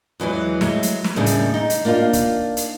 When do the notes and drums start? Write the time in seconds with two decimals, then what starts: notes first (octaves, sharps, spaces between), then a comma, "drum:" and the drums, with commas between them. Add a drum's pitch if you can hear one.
0.20 E2 E3 F#3 G#3
0.61 F#3 G#3 A3, drum: snare
0.83 drum: hi-hat
1.04 drum: snare
1.16 D#2 A2 C#3 G3 D4 G#4
1.26 drum: hi-hat
1.54 D#4
1.70 drum: hi-hat
1.85 A#3 D4 D#4 F4
2.13 drum: kick, hi-hat
2.57 drum: hi-hat